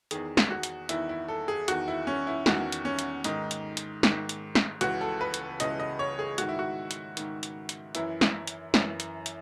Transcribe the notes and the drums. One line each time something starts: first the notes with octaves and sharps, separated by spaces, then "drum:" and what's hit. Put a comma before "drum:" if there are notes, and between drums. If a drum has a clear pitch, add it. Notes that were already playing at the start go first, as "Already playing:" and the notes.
E2 D#3 G#4, drum: hi-hat
drum: snare
F#4
drum: hi-hat
E2 D#3 E4, drum: hi-hat
E4
A4
G#4
E2 D#3 F#4, drum: hi-hat
E4
C#4
E4
E2 D#3 F#4, drum: snare
drum: hi-hat
C#4
drum: hi-hat
G#2 D#3 D#4, drum: hi-hat
drum: hi-hat
drum: hi-hat
G#2 D#3, drum: snare
drum: hi-hat
drum: snare
C#2 C#3 E3 F#4, drum: hi-hat
A4
B4
drum: hi-hat
C#2 C#3 E3 D#5, drum: hi-hat
D#5
C#5
G#4
G#2 D#3 F#4, drum: hi-hat
E4
F#4
drum: hi-hat
G#2 D#3, drum: hi-hat
drum: hi-hat
drum: hi-hat
F#2 E3 E4, drum: hi-hat
drum: snare
drum: hi-hat
F#2 E3, drum: snare
drum: hi-hat
drum: hi-hat